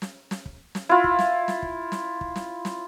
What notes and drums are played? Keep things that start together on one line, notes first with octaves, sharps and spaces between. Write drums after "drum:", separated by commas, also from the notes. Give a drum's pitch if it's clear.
drum: snare
drum: snare
drum: kick
drum: snare
E4 F4
drum: kick
drum: snare
drum: snare
drum: kick
drum: snare
drum: kick
drum: snare
drum: snare